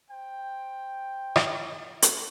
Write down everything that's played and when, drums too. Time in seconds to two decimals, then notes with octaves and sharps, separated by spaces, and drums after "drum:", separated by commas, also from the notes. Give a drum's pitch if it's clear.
0.11 C5 G5
1.36 drum: rim click
2.02 drum: hi-hat